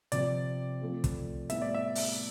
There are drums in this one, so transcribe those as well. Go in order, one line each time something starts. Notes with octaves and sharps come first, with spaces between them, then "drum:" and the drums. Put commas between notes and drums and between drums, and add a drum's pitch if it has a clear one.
C3 F3 C4 D5, drum: hi-hat
F3 A3 C4 F4 A4
drum: kick, hi-hat
A2 G3 B3 E4 E5, drum: hi-hat
D5
E5
drum: open hi-hat